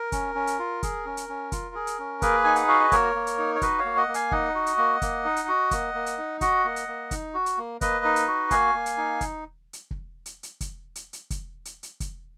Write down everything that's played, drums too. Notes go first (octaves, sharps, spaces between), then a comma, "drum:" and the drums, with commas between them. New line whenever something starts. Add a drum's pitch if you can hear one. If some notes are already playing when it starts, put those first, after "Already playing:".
Already playing: A#4
C#4, drum: kick, hi-hat
C#4
drum: hi-hat
F4
G#4, drum: kick, hi-hat
C#4
drum: hi-hat
C#4
F4, drum: kick, hi-hat
G#4
drum: hi-hat
C#4
A#3 G#4 B4, drum: kick, hi-hat
D#4 G#5
F#5, drum: hi-hat
F#4 F5
D#5
A#3 A#4 C#5, drum: kick, hi-hat
A#3
drum: hi-hat
D#4
C#5
F#4 B4 D#5, drum: kick, hi-hat
C#5 F5
A#3
D#5 F#5
A#3
F5 G#5, drum: hi-hat
D#4 D#5 F#5, drum: kick
F#4
drum: hi-hat
A#3
A#3, drum: kick, hi-hat
D#4
drum: hi-hat
F#4
A#3, drum: kick, hi-hat
A#3
drum: hi-hat
D#4
F#4 D#5 F#5, drum: kick, hi-hat
A#3
drum: hi-hat
A#3
D#4, drum: kick, hi-hat
F#4
drum: hi-hat
A#3
A#3 B4 D#5, drum: kick, hi-hat
D#4
drum: hi-hat
F#4
A#3 F5 G#5, drum: kick, hi-hat
A#3
drum: hi-hat
D#4
drum: kick, hi-hat
drum: hi-hat
drum: kick
drum: hi-hat
drum: hi-hat
drum: kick, hi-hat
drum: hi-hat
drum: hi-hat
drum: kick, hi-hat
drum: hi-hat
drum: hi-hat
drum: kick, hi-hat